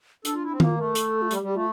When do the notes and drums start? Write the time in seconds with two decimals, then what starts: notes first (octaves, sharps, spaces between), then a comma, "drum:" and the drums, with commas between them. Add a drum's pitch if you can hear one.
0.25 D4 A4, drum: hi-hat
0.34 F4
0.43 E4
0.51 C4
0.60 A#3 F4, drum: tom D#3
0.78 A3 A#4
0.95 A4, drum: hi-hat
1.22 F4
1.31 G3 G4, drum: hi-hat
1.42 G3
1.48 G4
1.54 A3 F4